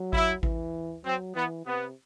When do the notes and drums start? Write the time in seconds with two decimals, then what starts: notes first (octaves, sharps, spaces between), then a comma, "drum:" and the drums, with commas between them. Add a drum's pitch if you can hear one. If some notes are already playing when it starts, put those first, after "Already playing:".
Already playing: F#3
0.13 E4, drum: kick A1
0.43 E3, drum: kick A1
1.05 F#3 C4
1.35 E3 B3
1.65 C3 B3